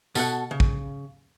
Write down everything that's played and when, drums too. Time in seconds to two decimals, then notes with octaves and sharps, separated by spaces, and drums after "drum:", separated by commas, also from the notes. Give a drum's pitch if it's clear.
0.15 B2 A4 F#5, drum: tambourine
0.51 C#3
0.60 drum: kick